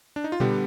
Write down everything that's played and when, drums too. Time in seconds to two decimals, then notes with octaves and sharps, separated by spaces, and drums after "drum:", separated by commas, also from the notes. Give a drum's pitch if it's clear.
0.16 D4
0.24 D#4
0.32 F4
0.40 D3 G3 B3 G4, drum: tom A#2